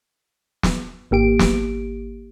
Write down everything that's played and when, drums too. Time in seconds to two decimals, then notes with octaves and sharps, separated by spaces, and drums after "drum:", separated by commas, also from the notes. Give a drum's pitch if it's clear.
0.63 drum: snare
1.11 G#1 A#3 G4 D7
1.39 drum: snare